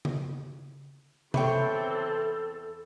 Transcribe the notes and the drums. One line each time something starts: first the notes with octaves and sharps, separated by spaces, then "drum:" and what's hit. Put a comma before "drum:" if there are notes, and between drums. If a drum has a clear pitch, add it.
drum: tom C#3
E2 E3 C4 A4 C#5 E5 G5 B5, drum: tom C3